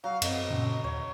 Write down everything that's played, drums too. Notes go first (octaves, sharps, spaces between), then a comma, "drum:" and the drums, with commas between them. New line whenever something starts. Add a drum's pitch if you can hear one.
F#3 F5
F#2 B3 C4 D#5, drum: cymbal
A#2 C#3 C#4
D#2 C#5